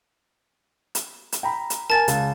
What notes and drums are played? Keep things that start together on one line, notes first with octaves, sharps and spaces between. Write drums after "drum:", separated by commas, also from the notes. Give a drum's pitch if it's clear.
drum: hi-hat
drum: hi-hat
G5 A#5 B5
drum: hi-hat
A#4 G#5 A5 A6
C#2, drum: hi-hat